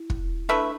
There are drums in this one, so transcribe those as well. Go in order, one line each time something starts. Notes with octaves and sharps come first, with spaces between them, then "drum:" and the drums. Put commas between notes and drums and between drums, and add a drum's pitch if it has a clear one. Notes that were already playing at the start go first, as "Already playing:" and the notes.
Already playing: E4
drum: kick
A3 D4 E4 B4 E5